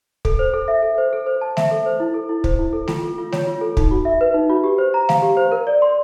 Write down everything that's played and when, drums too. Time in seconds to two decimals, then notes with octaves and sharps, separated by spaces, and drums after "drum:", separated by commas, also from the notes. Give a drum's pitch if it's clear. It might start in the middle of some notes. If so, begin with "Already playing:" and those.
0.25 A4, drum: kick
0.39 C5
0.54 A4
0.68 E5
0.83 A4
0.98 C5
1.13 A4
1.27 C5
1.41 A5
1.57 E5, drum: snare A3
1.71 A4
1.86 C5
2.00 E4
2.14 A4
2.29 E4
2.44 C5, drum: kick
2.59 E4
2.73 A4
2.88 F4, drum: snare A3
3.02 A4
3.18 F4
3.32 C#5, drum: snare A3
3.47 F4
3.61 A4
3.77 D#4, drum: kick
3.91 F#4
4.05 E5
4.21 B4
4.34 D#4
4.50 F#4
4.64 G4
4.78 C5
4.94 A#5
5.09 F5, drum: snare A3
5.22 G4
5.37 C5
5.52 A#4
5.67 D5
5.82 C6